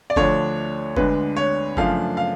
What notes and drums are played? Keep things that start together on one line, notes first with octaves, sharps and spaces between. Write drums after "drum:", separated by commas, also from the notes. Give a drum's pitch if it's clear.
D5
D2 D3 F3 A3 D4 C#5, drum: kick F#1
D2 D3 G#3 D4 B4, drum: kick F#1
C#5
F#2 C#3 F3 A3 D4 F5, drum: kick F#1
F5